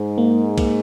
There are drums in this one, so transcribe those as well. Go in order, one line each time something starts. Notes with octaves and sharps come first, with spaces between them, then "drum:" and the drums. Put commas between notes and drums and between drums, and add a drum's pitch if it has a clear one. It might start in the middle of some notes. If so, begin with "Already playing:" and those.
Already playing: G#2
A#3
A#3, drum: kick, cymbal